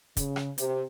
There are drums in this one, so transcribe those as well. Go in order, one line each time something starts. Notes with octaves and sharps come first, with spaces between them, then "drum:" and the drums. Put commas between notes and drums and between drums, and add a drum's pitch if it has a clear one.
C#3, drum: kick, hi-hat
drum: rim click
C3, drum: hi-hat